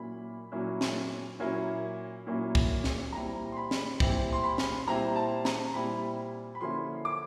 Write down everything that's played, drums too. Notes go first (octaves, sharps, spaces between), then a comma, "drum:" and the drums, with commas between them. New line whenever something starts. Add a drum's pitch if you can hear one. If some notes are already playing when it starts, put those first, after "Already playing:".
Already playing: A#2 F#3 A#3 C#4 E4 B5
A#2 F#3 A#3 C#4 E4
drum: snare
A#2 F#3 A#3 C#4 E4
A#2 F#3 A#3 C#4 E4
drum: kick
drum: snare
A#2 G3 C4 E4 A#5
C6
B5
drum: snare
A#2 G3 C4 E4, drum: kick
C6
B5
drum: snare
A#2 G3 C4 E4 A#5
A5
A#5, drum: snare
A#2 G3 C4 E4 B5
B5
D3 F3 A#3 C#4 E4 C6
D6